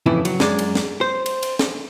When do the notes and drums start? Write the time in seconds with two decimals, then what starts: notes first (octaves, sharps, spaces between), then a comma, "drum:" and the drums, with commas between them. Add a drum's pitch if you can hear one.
0.06 F2 A2 C#3 E3 E4
0.25 F#3, drum: cymbal
0.40 F#2 G#3 D5, drum: snare
0.59 drum: cymbal
0.75 drum: snare
1.01 C5
1.26 drum: cymbal
1.43 drum: cymbal
1.59 drum: snare